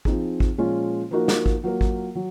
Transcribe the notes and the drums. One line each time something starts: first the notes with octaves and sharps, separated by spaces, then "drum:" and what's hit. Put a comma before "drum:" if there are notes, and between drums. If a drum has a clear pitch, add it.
F3 C4 D#4 G#4, drum: kick
drum: kick
A#2 F3 G#3 C#4 F4
F3 A#3 D#4 F#4 A#4
drum: snare
drum: kick
F#3 A#3 F4 A#4
drum: kick
F#3